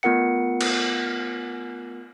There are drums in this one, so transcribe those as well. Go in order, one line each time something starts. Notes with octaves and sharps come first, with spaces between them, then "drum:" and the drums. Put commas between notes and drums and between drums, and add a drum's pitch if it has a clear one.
A3 B3 F4 A#4 F#5 C#7
drum: cymbal